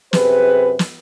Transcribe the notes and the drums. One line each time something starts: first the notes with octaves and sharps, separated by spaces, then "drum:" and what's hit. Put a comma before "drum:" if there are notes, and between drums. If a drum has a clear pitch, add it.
F#2 C3 G#4 B4, drum: snare
drum: snare